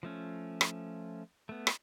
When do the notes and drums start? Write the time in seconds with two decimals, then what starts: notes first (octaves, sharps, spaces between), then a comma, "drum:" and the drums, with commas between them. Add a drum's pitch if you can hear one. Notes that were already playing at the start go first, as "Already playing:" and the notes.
0.03 F3 A3 C#4
0.61 drum: rim click
1.49 A3 B3
1.67 drum: rim click